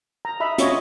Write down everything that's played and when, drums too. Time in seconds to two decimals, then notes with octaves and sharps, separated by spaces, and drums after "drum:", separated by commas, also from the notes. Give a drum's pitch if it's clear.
0.25 A#5
0.40 D#5 E5 B5
0.58 F4 C#5 D#5, drum: hi-hat